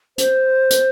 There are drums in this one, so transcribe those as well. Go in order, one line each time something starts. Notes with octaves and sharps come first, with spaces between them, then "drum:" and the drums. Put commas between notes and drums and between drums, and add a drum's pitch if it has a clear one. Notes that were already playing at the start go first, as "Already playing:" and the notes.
C5, drum: hi-hat
drum: hi-hat